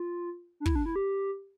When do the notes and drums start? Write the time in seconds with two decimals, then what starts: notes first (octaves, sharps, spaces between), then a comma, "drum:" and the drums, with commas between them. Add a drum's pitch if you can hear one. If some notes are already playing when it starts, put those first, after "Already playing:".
Already playing: F4
0.60 D4
0.66 E4, drum: kick
0.75 D4
0.86 E4
0.96 G4